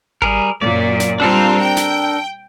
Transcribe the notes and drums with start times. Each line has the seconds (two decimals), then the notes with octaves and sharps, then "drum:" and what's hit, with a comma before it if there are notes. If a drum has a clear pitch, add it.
0.22 G3 G#4 A#4, drum: kick G#1
0.61 F#2 A#2 F#3 D5
1.00 drum: snare
1.20 G3 C4 D4 F4 A4 A#4
1.60 G5
1.77 drum: snare